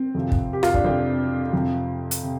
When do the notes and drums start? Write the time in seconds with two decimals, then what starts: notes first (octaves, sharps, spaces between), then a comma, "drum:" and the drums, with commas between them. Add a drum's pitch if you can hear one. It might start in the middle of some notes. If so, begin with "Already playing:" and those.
Already playing: C4
0.15 F2 C3 F3
0.32 drum: kick
0.53 G4
0.63 F4, drum: rim click
0.74 D4, drum: kick
0.84 F2 C3 F3 C4
1.53 F2 C3 F3
2.11 drum: hi-hat
2.23 C3